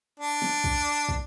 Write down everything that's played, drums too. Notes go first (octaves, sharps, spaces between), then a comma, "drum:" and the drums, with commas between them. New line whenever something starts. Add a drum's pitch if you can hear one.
D4
drum: snare
drum: kick
drum: kick